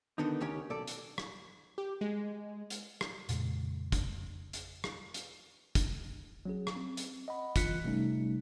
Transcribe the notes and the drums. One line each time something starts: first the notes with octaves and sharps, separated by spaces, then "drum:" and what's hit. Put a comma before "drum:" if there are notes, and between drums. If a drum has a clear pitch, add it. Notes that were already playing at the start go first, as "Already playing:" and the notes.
D3 D#3 B3 D4 D#4
C#2 D#3 C#4 G4 C#5
B1 A4 D5
drum: hi-hat
drum: rim click
G4
G#3
drum: hi-hat
drum: rim click
F2 A#2 C#3 G#3, drum: hi-hat
drum: kick, hi-hat
drum: hi-hat
drum: rim click
drum: hi-hat
drum: kick, hi-hat
F#3 C#4 G#4
drum: rim click
C4
drum: hi-hat
D#5 F#5 B5
G1 E3 F4 F#6 B6 C#7, drum: kick, hi-hat
C3 G3 A3 C#4 D#4